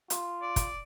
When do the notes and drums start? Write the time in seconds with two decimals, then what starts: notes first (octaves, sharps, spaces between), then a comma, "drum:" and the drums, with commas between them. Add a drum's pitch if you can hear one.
0.10 F4, drum: hi-hat
0.42 D5
0.56 drum: kick, hi-hat